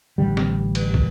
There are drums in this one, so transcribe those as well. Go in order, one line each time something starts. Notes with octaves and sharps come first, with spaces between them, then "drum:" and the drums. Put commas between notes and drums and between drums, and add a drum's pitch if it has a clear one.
A1 D3 G3
drum: snare
drum: cymbal
drum: kick